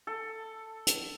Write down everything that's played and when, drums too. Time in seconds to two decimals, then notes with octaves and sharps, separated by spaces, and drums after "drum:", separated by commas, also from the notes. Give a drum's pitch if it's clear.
0.07 A4
0.87 drum: hi-hat